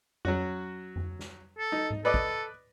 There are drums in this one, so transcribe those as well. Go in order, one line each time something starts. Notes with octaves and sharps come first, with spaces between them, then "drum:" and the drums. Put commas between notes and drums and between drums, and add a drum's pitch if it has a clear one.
F#3 C#4 F#4, drum: tom F2
drum: tom F2
drum: snare
A4
D#4
drum: tom G#2
A4 B4 D5 D#5
drum: kick